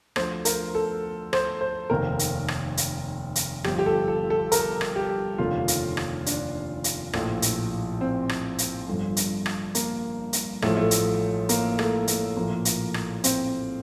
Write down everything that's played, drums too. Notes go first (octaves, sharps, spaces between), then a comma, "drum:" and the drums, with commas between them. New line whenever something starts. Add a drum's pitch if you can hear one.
D2 D3 F3 C5, drum: rim click
A#4, drum: hi-hat
A4
C5, drum: rim click
C5
F1 D#2 D#3 A#4
drum: hi-hat
drum: rim click
drum: hi-hat
drum: hi-hat
G1 G2 F3 G4, drum: rim click
G4
A4
A4
A4
A#4, drum: hi-hat
drum: rim click
G4
F1 D#2 D3 F4
drum: hi-hat
drum: rim click
D4, drum: hi-hat
drum: hi-hat
A#1 A2 F3, drum: rim click
drum: hi-hat
C4
drum: rim click
drum: hi-hat
G1 G2 D3 F3
drum: hi-hat
drum: rim click
A#3, drum: hi-hat
drum: hi-hat
A1 A2 F3 A3, drum: rim click
A3
drum: hi-hat
A#3, drum: hi-hat
A3, drum: rim click
A3, drum: hi-hat
A#1 A2 F3 A#3
drum: hi-hat
drum: rim click
C4, drum: hi-hat